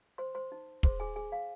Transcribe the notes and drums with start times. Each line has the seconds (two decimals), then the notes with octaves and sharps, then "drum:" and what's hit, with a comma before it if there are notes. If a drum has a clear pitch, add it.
0.18 C5 C6
0.35 C5 C6
0.52 D#4
0.83 G#4 C5 C6, drum: kick
1.00 G#4 G#5
1.16 G#4 G#5
1.32 F5